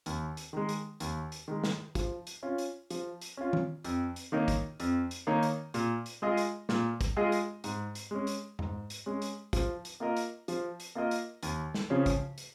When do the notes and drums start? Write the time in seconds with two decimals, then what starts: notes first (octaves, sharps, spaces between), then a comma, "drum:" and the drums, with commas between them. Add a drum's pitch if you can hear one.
0.06 D#2, drum: hi-hat
0.37 drum: hi-hat
0.53 D#3 G#3
0.69 drum: hi-hat
1.00 D#2, drum: hi-hat
1.32 drum: hi-hat
1.48 D#3 G#3
1.64 drum: snare
1.95 F3, drum: kick, hi-hat
2.27 drum: hi-hat
2.43 C#4 F4
2.58 drum: hi-hat
2.90 F3, drum: hi-hat
3.22 drum: hi-hat
3.37 C#4 F4
3.53 drum: tom
3.84 F2, drum: hi-hat
4.16 drum: hi-hat
4.32 D#3 A#3 D#4 C#5
4.48 drum: kick, hi-hat
4.80 F2, drum: hi-hat
5.11 drum: hi-hat
5.27 D#3 A#3 D#4 C#5
5.43 drum: hi-hat
5.74 A#2, drum: hi-hat
6.06 drum: hi-hat
6.22 G#3 F4 G#4 D#5
6.37 drum: hi-hat
6.69 A#2, drum: snare
7.01 drum: kick, hi-hat
7.17 G#3 F4 G#4 D#5
7.32 drum: hi-hat
7.64 G#2, drum: hi-hat
7.95 drum: hi-hat
8.11 G#3 C#4
8.27 drum: hi-hat
8.59 G#2, drum: tom F2
8.90 drum: hi-hat
9.06 G#3 C#4
9.22 drum: hi-hat
9.53 F3, drum: kick, hi-hat
9.85 drum: hi-hat
10.00 A#3 F4 A#4 D#5
10.17 drum: hi-hat
10.48 F3, drum: hi-hat
10.80 drum: hi-hat
10.95 A#3 F4 A#4 D#5
11.11 drum: hi-hat
11.43 D#2, drum: hi-hat
11.74 drum: snare
11.90 C#3 F3 C#4
12.06 drum: kick, hi-hat
12.38 drum: hi-hat